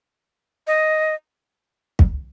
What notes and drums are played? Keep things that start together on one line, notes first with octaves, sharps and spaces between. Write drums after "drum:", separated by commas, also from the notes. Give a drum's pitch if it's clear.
D#5
drum: kick